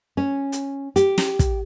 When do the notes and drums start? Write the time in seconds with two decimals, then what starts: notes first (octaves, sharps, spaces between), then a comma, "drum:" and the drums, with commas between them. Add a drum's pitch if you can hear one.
0.17 C#4
0.52 drum: hi-hat
0.96 G4, drum: hi-hat
1.18 drum: snare
1.39 drum: kick, hi-hat